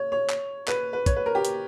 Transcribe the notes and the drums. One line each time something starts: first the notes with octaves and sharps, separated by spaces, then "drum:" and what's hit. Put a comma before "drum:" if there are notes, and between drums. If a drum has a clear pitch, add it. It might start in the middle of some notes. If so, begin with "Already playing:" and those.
Already playing: C#5
C#5
drum: clap
B4, drum: clap
B4
C#5, drum: kick, hi-hat
B4
A#4
G4
drum: hi-hat